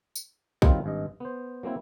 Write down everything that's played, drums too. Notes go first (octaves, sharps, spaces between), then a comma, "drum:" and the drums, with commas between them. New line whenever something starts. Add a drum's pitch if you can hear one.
drum: tambourine
D#3 F#3 G3 C4 F4, drum: kick A#1
G#1 G2 D#5
B3 C5
F#3 A#3 C4 E4